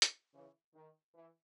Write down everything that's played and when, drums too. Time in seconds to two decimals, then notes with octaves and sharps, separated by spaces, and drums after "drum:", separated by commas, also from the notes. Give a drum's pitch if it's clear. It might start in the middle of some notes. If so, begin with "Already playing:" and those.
0.02 drum: hi-hat
0.34 C#3 E3
0.74 D#3
1.14 E3